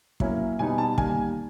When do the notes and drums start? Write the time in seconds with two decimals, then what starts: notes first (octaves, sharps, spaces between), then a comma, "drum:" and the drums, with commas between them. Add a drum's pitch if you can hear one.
0.20 F#3 A#3 C#4 E4, drum: kick
0.59 B2 G3 B3 D#4 G#5
0.78 A5
0.98 D#3 G3 A#3 G#5, drum: kick